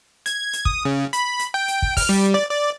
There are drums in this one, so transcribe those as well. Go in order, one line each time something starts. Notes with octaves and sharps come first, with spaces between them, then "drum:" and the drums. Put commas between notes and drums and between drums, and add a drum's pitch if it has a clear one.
G#6, drum: hi-hat
drum: hi-hat
D#6, drum: kick
C#3
B5, drum: hi-hat
drum: hi-hat
G5
drum: hi-hat
drum: kick
F6, drum: kick, open hi-hat
G3
D5
D5